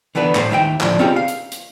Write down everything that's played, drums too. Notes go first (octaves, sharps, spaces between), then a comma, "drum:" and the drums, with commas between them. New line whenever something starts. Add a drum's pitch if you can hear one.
D3 E3 B3 D4 B4
A2 C5, drum: clap
D#2 D#3 E5 G5
D2 A2 F3 D5, drum: clap
C4 C#4 D#4 F4 G4 G#4
F5
drum: hi-hat
drum: hi-hat